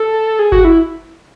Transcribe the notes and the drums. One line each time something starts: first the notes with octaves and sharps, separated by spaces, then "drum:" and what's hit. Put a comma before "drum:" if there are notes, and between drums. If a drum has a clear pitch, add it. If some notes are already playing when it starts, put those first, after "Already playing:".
Already playing: A4
G#4
F#4, drum: kick G1
E4